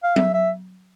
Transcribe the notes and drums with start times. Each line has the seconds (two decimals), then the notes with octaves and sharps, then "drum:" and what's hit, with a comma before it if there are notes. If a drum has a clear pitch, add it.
0.03 F5
0.16 E5, drum: tom F#3
0.34 E5